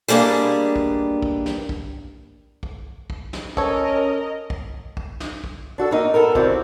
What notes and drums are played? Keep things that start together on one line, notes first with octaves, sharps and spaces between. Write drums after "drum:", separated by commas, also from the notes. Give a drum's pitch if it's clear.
G3 G#3 A#3 B3 D4
drum: kick
drum: kick
drum: snare
drum: kick
drum: kick
drum: kick
drum: snare
C#4 A4 A#4 C#5 D#5, drum: kick
drum: kick
drum: kick
drum: snare
drum: kick
D4 F#4 A4
A#3 D#4
B3 A4 A#4
C3 D#3 C4 E4 F#4 D5, drum: kick